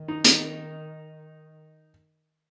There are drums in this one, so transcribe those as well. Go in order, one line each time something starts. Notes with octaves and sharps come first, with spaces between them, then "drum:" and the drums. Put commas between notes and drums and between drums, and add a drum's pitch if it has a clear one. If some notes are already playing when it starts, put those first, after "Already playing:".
Already playing: D#3
D#4
D#4, drum: hi-hat